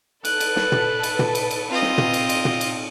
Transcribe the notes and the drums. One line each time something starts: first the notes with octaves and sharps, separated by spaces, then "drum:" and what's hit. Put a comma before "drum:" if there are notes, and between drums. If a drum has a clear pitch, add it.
A4 B4 F#6, drum: cymbal
drum: cymbal
drum: snare
drum: tom
drum: cymbal
drum: tom
drum: cymbal
drum: cymbal
C4 F4 D#5
drum: snare
drum: tom
drum: cymbal
drum: cymbal
drum: tom
drum: cymbal